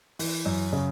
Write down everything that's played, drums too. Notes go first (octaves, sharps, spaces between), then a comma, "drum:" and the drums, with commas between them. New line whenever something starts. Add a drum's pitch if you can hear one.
E3, drum: open hi-hat
F#2
C#3